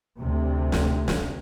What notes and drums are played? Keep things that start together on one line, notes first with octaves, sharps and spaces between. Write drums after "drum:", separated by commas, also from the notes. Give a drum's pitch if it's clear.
D2 C3
drum: snare
drum: snare